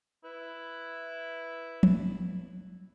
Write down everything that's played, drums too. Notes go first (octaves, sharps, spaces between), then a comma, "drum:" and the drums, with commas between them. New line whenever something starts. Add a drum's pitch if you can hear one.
E4 B4
drum: tom F3